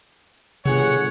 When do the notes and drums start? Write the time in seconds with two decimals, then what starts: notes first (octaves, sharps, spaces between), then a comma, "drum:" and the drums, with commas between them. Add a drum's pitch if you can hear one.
0.66 G1 G#4 C#5 F#5, drum: tom B2